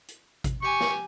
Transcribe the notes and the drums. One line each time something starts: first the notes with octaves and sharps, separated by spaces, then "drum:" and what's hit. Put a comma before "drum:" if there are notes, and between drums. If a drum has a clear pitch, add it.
drum: hi-hat
drum: kick G#1, hi-hat
G4 G#5 C#6
drum: snare